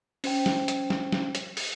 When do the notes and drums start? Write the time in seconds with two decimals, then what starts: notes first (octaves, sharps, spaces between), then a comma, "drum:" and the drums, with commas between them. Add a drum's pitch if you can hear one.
0.24 C#4 C5 G5, drum: open hi-hat
0.46 drum: snare
0.68 drum: hi-hat
0.90 drum: snare
1.12 drum: snare
1.35 drum: hi-hat
1.57 drum: open hi-hat